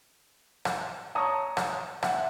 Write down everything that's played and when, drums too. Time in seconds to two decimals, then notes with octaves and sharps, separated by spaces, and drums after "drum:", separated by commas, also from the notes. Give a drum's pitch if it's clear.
0.65 drum: rim click
1.15 C#5 A5 A#5 C#6 D#6
1.57 drum: rim click
2.03 E5 F#5, drum: rim click